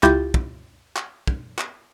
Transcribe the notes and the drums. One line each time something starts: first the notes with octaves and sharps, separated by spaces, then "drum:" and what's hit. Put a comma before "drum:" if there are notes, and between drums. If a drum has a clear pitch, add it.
C#2 E4 F4 G4 G6 A6, drum: clap
drum: kick
drum: clap
drum: kick
drum: clap